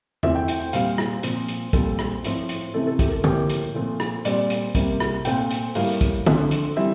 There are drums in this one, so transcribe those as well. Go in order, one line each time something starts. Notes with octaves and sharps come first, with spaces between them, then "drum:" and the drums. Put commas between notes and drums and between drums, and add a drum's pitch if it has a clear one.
E3 A3 C4 E5, drum: tom E2
G5
G5, drum: hi-hat
G5
A#2 G3 C4 F5, drum: hi-hat
drum: rim click
A#2 F3 C4, drum: hi-hat
drum: hi-hat
A#2 G3 C4 A4, drum: kick, hi-hat
drum: rim click
A2 F3 C4, drum: hi-hat
drum: hi-hat
C3 E3 A3 C4 A4
A4
G4, drum: kick, hi-hat
A#4
A4
A2 F3 A#3 G4, drum: tom D3
drum: hi-hat
A#2 F3 A3 C4
drum: rim click
A#2 G3 C4 D5, drum: hi-hat
drum: hi-hat
C3 G3 A#3, drum: kick, hi-hat
drum: rim click
A#2 A3 C4 G5, drum: hi-hat
drum: hi-hat
A2 G3 A#3 F5, drum: open hi-hat
drum: kick, hi-hat
D3 F3 A3 C4, drum: tom D3
drum: hi-hat
E3 G3 C4 E5